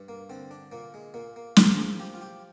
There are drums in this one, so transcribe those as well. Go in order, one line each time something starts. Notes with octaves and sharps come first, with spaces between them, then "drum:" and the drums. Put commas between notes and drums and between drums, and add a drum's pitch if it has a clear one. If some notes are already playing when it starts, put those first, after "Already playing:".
Already playing: G2
A#3
D3 C4
D4
A#2 A#3
G#3
A#2 A#3
A#3
F3 G#4, drum: snare
G#4
F3 G4
F4
G4